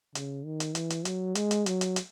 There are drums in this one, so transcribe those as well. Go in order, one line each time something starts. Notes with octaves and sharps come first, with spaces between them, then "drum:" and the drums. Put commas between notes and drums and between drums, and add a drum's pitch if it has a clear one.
C#3, drum: hi-hat
D#3
drum: hi-hat
E3, drum: hi-hat
drum: hi-hat
F#3, drum: hi-hat
G#3, drum: hi-hat
drum: hi-hat
F#3, drum: hi-hat
drum: hi-hat
drum: hi-hat